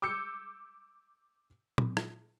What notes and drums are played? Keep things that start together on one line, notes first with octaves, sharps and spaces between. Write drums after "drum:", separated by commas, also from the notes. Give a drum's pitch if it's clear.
D6 E6 G6 C#7
drum: tom
drum: rim click